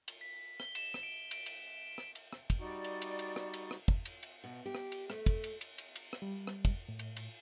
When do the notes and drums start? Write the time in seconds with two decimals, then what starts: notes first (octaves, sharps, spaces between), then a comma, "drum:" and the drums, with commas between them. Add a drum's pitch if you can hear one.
0.08 drum: cymbal
0.21 B6
0.60 G7, drum: rim click
0.75 E7, drum: cymbal
0.94 drum: rim click
1.03 D7
1.31 D7, drum: cymbal
1.46 drum: cymbal
1.98 drum: rim click
2.15 drum: cymbal
2.33 drum: rim click
2.50 drum: kick, cymbal
2.60 G3 D#4 F#4 D5
2.84 drum: cymbal
3.02 drum: cymbal
3.19 drum: cymbal
3.36 drum: rim click
3.54 drum: cymbal
3.71 drum: rim click
3.88 drum: kick
4.05 drum: cymbal
4.23 drum: cymbal
4.44 B2
4.66 G4
4.75 drum: rim click
4.92 drum: cymbal
5.10 A3, drum: rim click
5.26 drum: kick, cymbal
5.44 drum: cymbal
5.61 drum: cymbal
5.78 drum: cymbal
5.96 drum: cymbal
6.13 drum: rim click
6.22 G3
6.47 drum: rim click
6.65 drum: kick, cymbal
6.89 A2
6.99 drum: cymbal
7.17 drum: cymbal